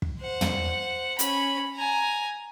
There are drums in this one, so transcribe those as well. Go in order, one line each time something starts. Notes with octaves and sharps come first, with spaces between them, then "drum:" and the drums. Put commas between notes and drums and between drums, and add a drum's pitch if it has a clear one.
drum: kick
C5 F#5
drum: tom
C#4 B5, drum: hi-hat
G#5 A#5